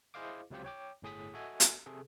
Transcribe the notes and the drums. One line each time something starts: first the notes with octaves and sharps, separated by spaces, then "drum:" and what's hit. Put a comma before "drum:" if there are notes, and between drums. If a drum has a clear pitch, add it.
E4 G#4 C5 D#5 F5 D6
C#2 C3 F#3 F4 G4 C5
C#5 G5 D6
G1 A2 G#4 D#6 B6
F#4 A4 D#5 E5 G#5
drum: hi-hat
C3 G#4 A4